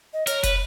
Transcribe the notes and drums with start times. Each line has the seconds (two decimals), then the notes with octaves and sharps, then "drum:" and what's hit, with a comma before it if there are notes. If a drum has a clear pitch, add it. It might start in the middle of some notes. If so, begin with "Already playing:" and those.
0.14 D#5
0.27 A#4 C#5, drum: hi-hat
0.43 B4, drum: kick, hi-hat